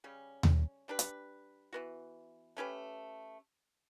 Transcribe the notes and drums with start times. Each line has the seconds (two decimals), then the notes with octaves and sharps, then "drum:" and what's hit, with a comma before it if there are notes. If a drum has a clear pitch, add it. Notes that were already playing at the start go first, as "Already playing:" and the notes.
0.04 C#3 G3 C#4
0.43 drum: tom D#2
0.88 G3 D4 G4 B4
0.99 drum: hi-hat
1.73 E3 B3 F#4
2.57 A3 C#4 G4 B4